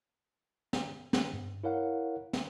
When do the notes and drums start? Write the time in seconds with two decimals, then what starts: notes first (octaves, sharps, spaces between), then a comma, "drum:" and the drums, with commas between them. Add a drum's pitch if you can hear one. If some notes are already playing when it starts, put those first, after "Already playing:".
0.73 drum: snare
1.13 drum: snare
1.33 G2
1.64 E4 A#4 C#5 F5 F#5
2.33 drum: snare